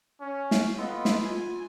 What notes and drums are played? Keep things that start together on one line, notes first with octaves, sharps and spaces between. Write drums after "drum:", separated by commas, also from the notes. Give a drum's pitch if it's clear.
C#4
drum: snare
B3 F4 A4 D#5
drum: snare
F4 G#5